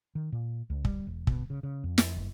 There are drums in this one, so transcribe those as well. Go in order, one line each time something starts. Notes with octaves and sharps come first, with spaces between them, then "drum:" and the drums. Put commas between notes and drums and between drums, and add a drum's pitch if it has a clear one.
D#3
A#2
C#2
G3, drum: kick
E1
B2, drum: kick
C#3
C#3
F2
drum: snare
F#1